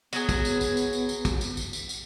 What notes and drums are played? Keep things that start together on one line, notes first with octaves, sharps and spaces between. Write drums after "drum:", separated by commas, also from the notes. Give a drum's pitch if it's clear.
F#3 B3 G#4, drum: tambourine
drum: kick, tambourine
drum: tambourine
drum: tambourine
drum: tambourine
drum: tambourine
drum: tambourine
drum: kick, tambourine
drum: tambourine
drum: tambourine
drum: tambourine
drum: tambourine